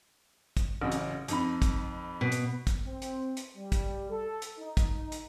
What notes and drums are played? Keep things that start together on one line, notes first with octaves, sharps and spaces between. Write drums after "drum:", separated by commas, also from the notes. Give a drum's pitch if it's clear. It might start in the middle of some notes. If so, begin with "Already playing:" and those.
drum: kick, hi-hat
A1 F#2 C#3
drum: hi-hat
F2 D#4 B5, drum: hi-hat
drum: kick, hi-hat
B2
drum: hi-hat
drum: kick, hi-hat
C4
drum: hi-hat
drum: hi-hat
G3
drum: kick, hi-hat
A4
drum: hi-hat
D#4
drum: kick, hi-hat
drum: hi-hat